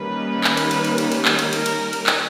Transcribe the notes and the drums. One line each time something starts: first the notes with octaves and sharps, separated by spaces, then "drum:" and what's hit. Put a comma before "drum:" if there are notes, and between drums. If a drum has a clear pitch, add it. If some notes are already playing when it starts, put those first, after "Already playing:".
Already playing: D#3 G3 A#3 C#4 B4
drum: clap
drum: cymbal
drum: cymbal
drum: cymbal
drum: cymbal
drum: cymbal
drum: clap
drum: cymbal
A#4, drum: cymbal
drum: cymbal
drum: cymbal
drum: clap